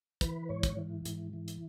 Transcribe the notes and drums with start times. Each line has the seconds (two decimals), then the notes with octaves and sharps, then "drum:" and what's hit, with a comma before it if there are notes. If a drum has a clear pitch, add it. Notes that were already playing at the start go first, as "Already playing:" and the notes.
0.21 E3 B4, drum: kick, hi-hat
0.49 G#2 C#5
0.63 drum: kick, hi-hat
0.77 E3
1.05 G#2, drum: hi-hat
1.33 E3
1.48 drum: hi-hat